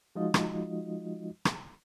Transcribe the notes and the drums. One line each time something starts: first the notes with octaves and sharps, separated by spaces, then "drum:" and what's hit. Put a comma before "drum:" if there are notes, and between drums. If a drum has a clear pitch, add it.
F3 G#3 D#4 F4 F#4 D#5
drum: rim click
drum: rim click